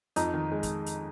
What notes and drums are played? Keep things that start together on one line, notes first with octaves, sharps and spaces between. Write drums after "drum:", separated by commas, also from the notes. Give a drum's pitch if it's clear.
F2 D#4, drum: hi-hat
D#3
G#3
drum: kick, hi-hat
drum: hi-hat